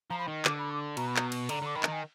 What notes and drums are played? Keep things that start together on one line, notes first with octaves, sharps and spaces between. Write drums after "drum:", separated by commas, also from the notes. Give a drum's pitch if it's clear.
F3 A#5
B5
D#3
D3 D6, drum: clap
B5
D6
B2 A#5, drum: cymbal
B5
A#5, drum: clap
drum: cymbal
D3 A#5, drum: cymbal
D3 D6
D#3 B5
A#5, drum: clap
D#3 G#5